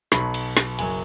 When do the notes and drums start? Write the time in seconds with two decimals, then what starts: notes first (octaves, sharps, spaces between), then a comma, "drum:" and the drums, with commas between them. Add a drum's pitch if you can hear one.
0.12 B1 B2 F#3 B5, drum: snare
0.34 drum: cymbal
0.57 drum: snare
0.79 F#1 F#3 G#5, drum: cymbal